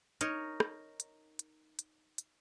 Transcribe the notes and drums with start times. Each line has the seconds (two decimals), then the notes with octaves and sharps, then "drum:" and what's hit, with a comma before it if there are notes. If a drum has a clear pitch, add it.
0.21 D#4 A#4 C#5, drum: hi-hat
0.60 drum: rim click
1.00 drum: hi-hat
1.39 drum: hi-hat
1.79 drum: hi-hat
2.18 drum: hi-hat